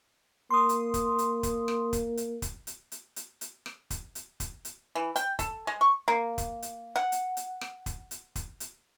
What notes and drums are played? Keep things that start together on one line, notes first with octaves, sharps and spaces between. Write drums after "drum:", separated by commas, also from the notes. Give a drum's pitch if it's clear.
A#3 C6 D#6
drum: hi-hat
drum: kick, hi-hat
drum: hi-hat
drum: kick, hi-hat
drum: rim click
drum: kick, hi-hat
drum: hi-hat
drum: kick, hi-hat
drum: hi-hat
drum: hi-hat
drum: hi-hat
drum: hi-hat
drum: rim click
drum: kick, hi-hat
drum: hi-hat
drum: kick, hi-hat
drum: hi-hat
E3
G5, drum: hi-hat
A4, drum: kick, hi-hat
G#3
C#6
A#3
drum: kick, hi-hat
drum: hi-hat
F#5
drum: hi-hat
drum: hi-hat
drum: rim click
drum: kick, hi-hat
drum: hi-hat
drum: kick, hi-hat
drum: hi-hat